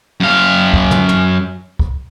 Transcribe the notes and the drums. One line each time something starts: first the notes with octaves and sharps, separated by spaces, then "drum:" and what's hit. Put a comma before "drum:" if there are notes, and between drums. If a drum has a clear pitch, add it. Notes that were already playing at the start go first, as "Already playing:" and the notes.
F#2 F5
drum: kick
drum: tom
drum: tom
drum: kick